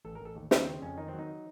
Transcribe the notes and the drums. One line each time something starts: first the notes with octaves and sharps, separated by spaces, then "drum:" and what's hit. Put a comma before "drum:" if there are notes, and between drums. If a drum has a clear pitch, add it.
A1 A4
A1 A#4
A4
D#2
D#2 D#4, drum: snare
C#3 C4
F2 C#4
D#3 D#4
F#3 C4
D#4